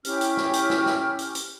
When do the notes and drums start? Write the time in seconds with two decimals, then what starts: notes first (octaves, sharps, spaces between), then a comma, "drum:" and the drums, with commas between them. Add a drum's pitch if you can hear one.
0.05 C#4 E4 G4 F6, drum: hi-hat
0.21 drum: hi-hat
0.37 drum: snare
0.53 drum: hi-hat
0.70 drum: snare
0.86 drum: snare
1.19 drum: hi-hat
1.35 drum: hi-hat